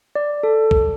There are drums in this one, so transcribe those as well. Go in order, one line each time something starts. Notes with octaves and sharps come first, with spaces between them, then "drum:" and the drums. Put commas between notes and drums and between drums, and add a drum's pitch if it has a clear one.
D5
A4
drum: kick